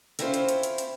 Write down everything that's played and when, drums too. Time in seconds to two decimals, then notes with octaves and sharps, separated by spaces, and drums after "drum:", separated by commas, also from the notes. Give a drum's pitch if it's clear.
0.19 C4 C#4 E4 F4 A#4 C5, drum: hi-hat
0.34 drum: hi-hat
0.49 drum: hi-hat
0.63 drum: hi-hat
0.78 drum: hi-hat